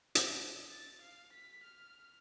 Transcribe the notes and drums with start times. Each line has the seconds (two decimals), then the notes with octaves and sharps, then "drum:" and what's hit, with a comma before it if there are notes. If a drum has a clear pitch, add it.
0.15 drum: hi-hat
0.70 A6
1.02 F5
1.33 B6
1.64 F6